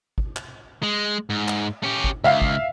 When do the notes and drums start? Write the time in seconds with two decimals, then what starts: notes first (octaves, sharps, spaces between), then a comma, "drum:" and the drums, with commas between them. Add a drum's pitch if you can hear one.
0.18 drum: kick
0.36 drum: clap
0.83 G#3
1.30 G#2
1.48 drum: clap
1.83 C#4 G4
2.04 drum: kick
2.24 C#2 E5 F5
2.42 drum: kick